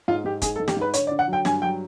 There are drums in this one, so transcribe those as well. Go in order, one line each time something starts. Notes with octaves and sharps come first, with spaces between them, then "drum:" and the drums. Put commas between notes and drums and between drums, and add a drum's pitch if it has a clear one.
G#2 F4
G#2 G4
G#2 G#4, drum: kick, hi-hat
A4
G#2
G4, drum: snare
G#2 B4
D3 C#5, drum: hi-hat
D5
D3
F#5
F#3
G5
G2 G#5, drum: snare
F#3 G5